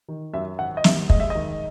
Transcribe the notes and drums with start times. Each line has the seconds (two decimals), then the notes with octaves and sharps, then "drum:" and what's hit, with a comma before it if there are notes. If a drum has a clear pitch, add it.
0.08 D#3
0.34 F#2 E5
0.59 G#1 F#5
0.77 D#5
0.84 D#2 E5, drum: snare
1.10 G#3 D#5, drum: kick
1.20 E5
1.30 D#3 D#5